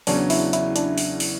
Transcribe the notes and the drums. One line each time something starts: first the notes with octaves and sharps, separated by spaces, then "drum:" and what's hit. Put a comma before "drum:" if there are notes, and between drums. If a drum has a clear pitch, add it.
E2 C#3 F#3 C#4 D4, drum: open hi-hat
E4, drum: open hi-hat
E4, drum: hi-hat
D4, drum: hi-hat
drum: open hi-hat
drum: open hi-hat